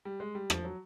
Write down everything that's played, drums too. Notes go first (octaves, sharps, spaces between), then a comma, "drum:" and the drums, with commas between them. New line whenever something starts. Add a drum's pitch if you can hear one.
G3
G#3
G3
F3, drum: rim click
F#3